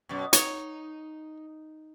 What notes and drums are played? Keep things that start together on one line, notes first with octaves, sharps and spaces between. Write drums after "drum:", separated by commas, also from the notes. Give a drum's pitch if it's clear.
F#2 B2
D#4 C#5, drum: hi-hat